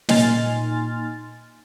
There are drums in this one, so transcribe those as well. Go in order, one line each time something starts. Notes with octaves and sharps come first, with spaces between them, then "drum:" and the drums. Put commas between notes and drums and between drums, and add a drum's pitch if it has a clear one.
A#2 D#4 G#5 C6 F6 A6, drum: snare